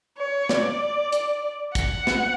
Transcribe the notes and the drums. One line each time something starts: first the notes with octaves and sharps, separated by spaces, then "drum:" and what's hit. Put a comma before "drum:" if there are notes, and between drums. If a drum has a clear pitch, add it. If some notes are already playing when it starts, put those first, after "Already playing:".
C#5
D5, drum: snare
drum: hi-hat
F#5, drum: kick, hi-hat
drum: snare